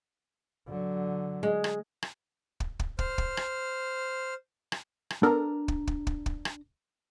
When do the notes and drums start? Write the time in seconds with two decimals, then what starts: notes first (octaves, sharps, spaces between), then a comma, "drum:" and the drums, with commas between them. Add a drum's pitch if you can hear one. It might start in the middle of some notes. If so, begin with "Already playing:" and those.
0.68 D3 F#3
1.43 G#3
1.64 drum: rim click
2.03 drum: rim click
2.60 drum: kick
2.79 drum: kick
2.99 C5 F6, drum: kick
3.18 drum: kick
3.37 drum: rim click
4.72 drum: rim click
5.10 drum: rim click
5.23 B3 D4 A4 A#4 A#5
5.68 drum: kick
5.87 drum: kick
6.07 drum: kick
6.26 drum: kick
6.45 drum: rim click